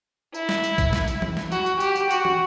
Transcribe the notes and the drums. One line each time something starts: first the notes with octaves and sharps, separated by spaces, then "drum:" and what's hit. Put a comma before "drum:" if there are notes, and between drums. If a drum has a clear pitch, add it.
E4, drum: tambourine
drum: snare
drum: tambourine
drum: kick, tambourine
drum: snare
drum: tambourine
drum: tom
drum: snare
F#4, drum: tambourine
drum: tambourine
G4, drum: tambourine
drum: tambourine
F#4, drum: tambourine
drum: tom